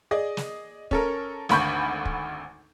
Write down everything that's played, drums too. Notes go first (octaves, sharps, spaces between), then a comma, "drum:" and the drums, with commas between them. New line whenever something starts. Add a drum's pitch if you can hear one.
G#4 D5 D#5
drum: snare
C#4 A4 A#4, drum: kick
G#1 D2 D3 B5 C#6 G6, drum: snare
drum: kick